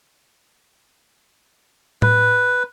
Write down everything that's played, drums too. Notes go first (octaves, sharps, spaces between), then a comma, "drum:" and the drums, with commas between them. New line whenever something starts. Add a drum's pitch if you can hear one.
B4, drum: tom A2